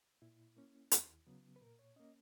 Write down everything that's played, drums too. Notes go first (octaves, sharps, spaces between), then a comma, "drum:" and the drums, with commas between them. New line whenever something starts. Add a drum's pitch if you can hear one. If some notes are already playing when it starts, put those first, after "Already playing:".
A#2 E4
A#3 C#4
D#2, drum: hi-hat
C#3 F#3 B3
B4
A#2 A#4
C#5
A#3 C#4 D#5